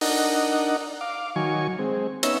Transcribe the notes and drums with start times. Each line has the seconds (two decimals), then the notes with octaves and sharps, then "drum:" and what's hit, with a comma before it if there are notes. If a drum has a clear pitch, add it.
0.01 D4 D#4 A#4 D#5 F#5, drum: open hi-hat
1.01 F5 D6
1.36 D#3 F#3 G#5 C#6
1.79 G#3 C4
2.23 B3 C#4 D#4 C#5 E5 E6, drum: hi-hat